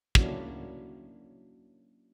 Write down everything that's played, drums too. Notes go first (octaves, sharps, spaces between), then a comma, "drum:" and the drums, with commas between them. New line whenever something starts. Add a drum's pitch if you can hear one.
F#3 A#3 C#4 D4 E4 F#4, drum: kick